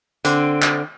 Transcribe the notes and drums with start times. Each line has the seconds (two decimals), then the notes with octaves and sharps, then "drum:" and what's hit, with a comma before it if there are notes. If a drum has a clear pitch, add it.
0.25 D3 C4, drum: hi-hat
0.62 drum: clap